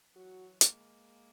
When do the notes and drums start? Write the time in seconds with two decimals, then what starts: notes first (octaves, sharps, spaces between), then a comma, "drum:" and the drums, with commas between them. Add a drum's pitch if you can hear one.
0.15 E3 F#3 F#4
0.61 G#3 A#3, drum: hi-hat